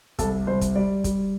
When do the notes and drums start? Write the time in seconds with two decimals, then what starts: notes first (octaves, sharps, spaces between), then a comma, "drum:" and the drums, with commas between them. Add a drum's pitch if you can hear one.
0.19 C2 A4, drum: kick, hi-hat
0.47 C2 C5
0.61 drum: kick, hi-hat
0.76 G3 D5
1.04 G3, drum: kick, hi-hat